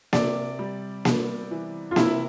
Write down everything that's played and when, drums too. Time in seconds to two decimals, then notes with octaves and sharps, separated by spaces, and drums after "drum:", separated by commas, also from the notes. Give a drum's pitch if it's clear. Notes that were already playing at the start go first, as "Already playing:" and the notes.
0.13 C3 D5, drum: snare A#3
0.59 G3
1.05 B3, drum: snare A#3
1.51 E3
1.91 F4
1.96 C3 E4, drum: snare A#3